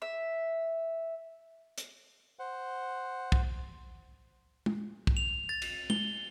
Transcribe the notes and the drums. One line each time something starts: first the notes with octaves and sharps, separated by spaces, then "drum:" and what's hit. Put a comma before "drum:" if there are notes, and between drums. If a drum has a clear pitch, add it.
E5
drum: hi-hat
C5 F#5
drum: kick
drum: tom
drum: kick
F7
A6
drum: cymbal
G7, drum: tom